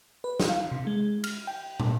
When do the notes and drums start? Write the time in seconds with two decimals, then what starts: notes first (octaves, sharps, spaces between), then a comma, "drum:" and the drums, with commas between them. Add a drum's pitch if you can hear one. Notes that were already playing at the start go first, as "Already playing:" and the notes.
0.24 B4
0.40 drum: snare
0.49 F5
0.72 C3
0.87 G#3
1.24 F6, drum: cymbal
1.47 G5
1.80 drum: tom